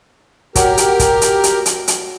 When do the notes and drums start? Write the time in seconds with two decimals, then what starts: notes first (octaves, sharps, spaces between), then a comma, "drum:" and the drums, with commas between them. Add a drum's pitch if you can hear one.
0.55 F#3 G4 A#4, drum: kick, hi-hat
0.77 drum: hi-hat
1.00 drum: kick, hi-hat
1.22 drum: hi-hat
1.44 drum: hi-hat
1.66 drum: hi-hat
1.88 drum: hi-hat